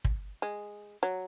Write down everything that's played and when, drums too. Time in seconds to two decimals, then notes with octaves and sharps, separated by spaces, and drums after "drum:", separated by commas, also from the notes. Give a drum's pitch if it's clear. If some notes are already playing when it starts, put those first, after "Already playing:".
0.05 drum: kick
0.42 G#3
1.03 F#3